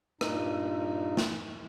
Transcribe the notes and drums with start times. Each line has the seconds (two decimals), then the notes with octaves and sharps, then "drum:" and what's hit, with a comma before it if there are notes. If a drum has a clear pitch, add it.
0.21 G2 A#2 D#4, drum: rim click
1.17 drum: snare